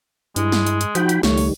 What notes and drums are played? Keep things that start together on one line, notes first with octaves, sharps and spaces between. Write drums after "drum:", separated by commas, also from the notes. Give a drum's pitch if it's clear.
G2 G#3 E4, drum: hi-hat
drum: snare
drum: hi-hat
drum: hi-hat
F3 D#4 F#4 G5 B5, drum: hi-hat
drum: hi-hat
C#2 D#3 G3 A3 C#5, drum: snare
drum: open hi-hat